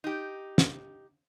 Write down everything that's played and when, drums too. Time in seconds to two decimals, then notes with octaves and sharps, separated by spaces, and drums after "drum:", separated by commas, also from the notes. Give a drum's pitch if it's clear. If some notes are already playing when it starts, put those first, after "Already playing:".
0.04 D#4 G4
0.58 drum: snare